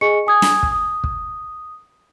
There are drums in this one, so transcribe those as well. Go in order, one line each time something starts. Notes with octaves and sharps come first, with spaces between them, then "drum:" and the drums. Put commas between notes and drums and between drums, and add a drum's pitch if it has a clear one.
G#4 D#5 G#5 C#6 C#7
G#5 D#6 G#6
drum: snare
drum: kick
D#6
drum: kick